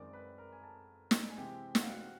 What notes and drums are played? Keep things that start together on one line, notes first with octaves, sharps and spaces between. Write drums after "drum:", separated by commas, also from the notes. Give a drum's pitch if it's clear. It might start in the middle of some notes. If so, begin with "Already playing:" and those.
Already playing: F#2 D#3 G#3 C4 D5 D6
B4 B5
A#4 A#5
G#5
A4 A5
drum: snare
G#5
C3 E3 G#3 C4 G4 G5
F#5, drum: snare
F5
F#4 F#5